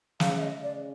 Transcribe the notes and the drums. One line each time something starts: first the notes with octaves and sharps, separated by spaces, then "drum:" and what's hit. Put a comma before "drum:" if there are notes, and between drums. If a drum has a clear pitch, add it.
C#3 F5, drum: snare
E5
D#5
C#3
D5